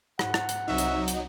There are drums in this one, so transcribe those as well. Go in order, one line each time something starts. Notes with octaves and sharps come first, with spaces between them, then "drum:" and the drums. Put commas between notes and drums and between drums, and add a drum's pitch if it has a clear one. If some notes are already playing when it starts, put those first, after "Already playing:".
G#2 F#5, drum: rim click
drum: rim click
drum: hi-hat
C2 F#3 D#4 F#4 E5
drum: hi-hat
drum: hi-hat